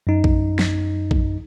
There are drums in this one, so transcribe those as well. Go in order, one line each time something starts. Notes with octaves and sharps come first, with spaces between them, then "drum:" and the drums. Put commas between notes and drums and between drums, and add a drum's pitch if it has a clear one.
F#2 D#4
drum: kick A#1
drum: snare
drum: kick A#1